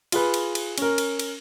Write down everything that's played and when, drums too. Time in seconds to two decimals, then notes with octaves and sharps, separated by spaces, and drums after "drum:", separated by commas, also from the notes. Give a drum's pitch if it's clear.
0.12 F4 G#4 B4, drum: cymbal
0.34 drum: cymbal
0.55 drum: cymbal
0.78 C#4 A#4, drum: cymbal
0.98 drum: cymbal
1.19 drum: cymbal